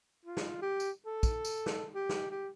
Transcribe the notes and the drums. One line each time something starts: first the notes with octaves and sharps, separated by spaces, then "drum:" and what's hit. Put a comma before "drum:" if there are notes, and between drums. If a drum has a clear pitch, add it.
F4
drum: snare
G4
drum: tambourine
A4
drum: kick, tambourine
drum: tambourine
drum: snare
G4
drum: snare
G4